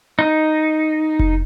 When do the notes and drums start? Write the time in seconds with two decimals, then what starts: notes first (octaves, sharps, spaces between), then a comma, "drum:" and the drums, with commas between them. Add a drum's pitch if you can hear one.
0.19 D#4
1.19 drum: kick F1